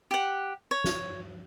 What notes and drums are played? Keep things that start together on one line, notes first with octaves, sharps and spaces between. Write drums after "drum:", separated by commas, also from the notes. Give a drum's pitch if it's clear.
G4 F#5
C#5
drum: snare